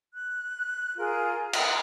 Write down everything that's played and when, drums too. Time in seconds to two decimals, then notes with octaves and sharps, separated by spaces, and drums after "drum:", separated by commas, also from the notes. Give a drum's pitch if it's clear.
0.13 F#6
0.98 F4 G#4 A#4
1.53 B4 F#5 A#5 C6, drum: cymbal